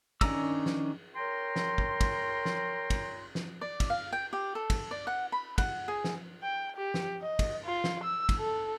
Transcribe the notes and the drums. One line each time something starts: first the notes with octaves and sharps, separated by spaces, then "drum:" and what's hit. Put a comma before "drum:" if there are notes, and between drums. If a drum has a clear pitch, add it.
D#3 C#4 D4 A#5 E6, drum: kick, cymbal
drum: snare
A#4 C#5 G5 A#5 C6
drum: snare
drum: kick
drum: kick, cymbal
drum: snare
drum: kick, cymbal
drum: snare
D5
drum: kick, cymbal
F5
G5
G4
A4
drum: kick, cymbal
D5
F#5
B5
F#5, drum: kick, cymbal
G#4
drum: snare
G5
G4
drum: snare
D#5
drum: kick, cymbal
F4
drum: snare
E6
drum: kick, cymbal
A4